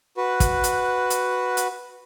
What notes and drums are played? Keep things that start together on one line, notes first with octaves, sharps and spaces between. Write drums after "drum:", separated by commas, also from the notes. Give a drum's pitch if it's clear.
F#4 B4
drum: kick, hi-hat
drum: hi-hat
drum: hi-hat
drum: hi-hat